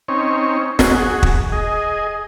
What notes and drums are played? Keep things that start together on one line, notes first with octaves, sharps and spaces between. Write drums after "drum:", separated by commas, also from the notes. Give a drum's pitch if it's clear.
C4 C#4 D#4 C#5
F#4 G#4, drum: snare
drum: kick
G#4 D#5